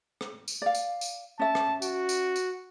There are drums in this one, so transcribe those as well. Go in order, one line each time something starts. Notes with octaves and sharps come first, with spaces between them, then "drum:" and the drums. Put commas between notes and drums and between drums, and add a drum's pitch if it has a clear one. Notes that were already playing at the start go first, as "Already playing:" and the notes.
drum: rim click
drum: tambourine
D5 F5
drum: tambourine
drum: tambourine
C#4 E5 A5
drum: rim click
F#4, drum: tambourine
drum: tambourine
drum: tambourine